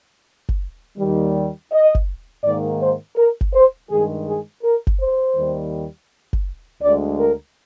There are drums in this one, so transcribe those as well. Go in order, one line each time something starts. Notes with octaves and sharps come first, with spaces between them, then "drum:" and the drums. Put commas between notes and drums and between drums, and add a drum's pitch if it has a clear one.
drum: kick F#1
D#2 D#3 G3
D#5
drum: kick F#1
G#2 D#3 A#3 D5
C5
A#4
drum: kick F#1
C5
G2 D#3 G#3 G#4
G#4
A#4
drum: kick F#1
C5
D#2 D#3 G3
drum: kick F#1
D2 D3 G#3 D5
A#4